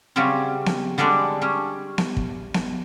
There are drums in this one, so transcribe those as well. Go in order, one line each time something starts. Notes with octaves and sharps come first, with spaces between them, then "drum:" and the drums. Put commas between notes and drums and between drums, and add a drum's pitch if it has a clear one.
C#3 F#3 G3 C4 C#4
drum: snare B3
D3 G3 G#3 D4 D5
G3 C#4
drum: snare B3
drum: kick
drum: snare B3